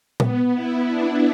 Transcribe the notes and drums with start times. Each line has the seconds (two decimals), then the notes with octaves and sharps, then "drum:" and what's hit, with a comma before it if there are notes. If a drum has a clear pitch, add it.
0.20 B3, drum: tom A#2
0.54 E4
0.88 D4